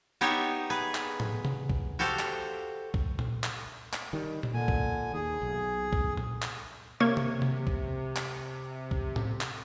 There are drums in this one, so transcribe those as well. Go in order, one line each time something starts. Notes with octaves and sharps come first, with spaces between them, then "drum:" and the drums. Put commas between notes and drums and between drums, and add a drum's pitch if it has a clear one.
B3 D#4 G4 C#5 E5
G#4 B4
drum: clap
drum: tom A2
drum: tom C3
drum: kick
F#4 G4 A4 C5 F5
drum: clap
drum: kick
drum: tom A#2
drum: clap
drum: clap
D#3 G3
drum: tom A#2
A#2 D3 G#5
drum: kick
D#2 G#4
B1
drum: kick
drum: tom A#2
drum: clap
C3 A#3 C#5 G#6
drum: tom C3
drum: tom C3
drum: kick
drum: clap
drum: kick
drum: tom A2
drum: clap